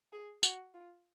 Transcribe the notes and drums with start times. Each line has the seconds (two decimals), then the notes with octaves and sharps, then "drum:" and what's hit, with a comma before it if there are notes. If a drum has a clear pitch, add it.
0.13 G#4
0.43 F#4, drum: tambourine
0.74 F4